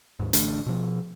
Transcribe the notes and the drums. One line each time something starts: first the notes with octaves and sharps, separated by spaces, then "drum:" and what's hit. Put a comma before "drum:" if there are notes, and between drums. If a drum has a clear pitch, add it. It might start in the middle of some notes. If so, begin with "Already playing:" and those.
D#2 G#2
A1 D3 A3 D4, drum: hi-hat
B2 F3